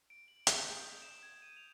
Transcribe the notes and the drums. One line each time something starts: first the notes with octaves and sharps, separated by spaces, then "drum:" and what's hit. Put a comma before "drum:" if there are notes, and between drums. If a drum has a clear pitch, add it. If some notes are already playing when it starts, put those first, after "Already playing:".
D7
F#7
D#6, drum: hi-hat
G6
D#6
E7
G#6
D#7
F7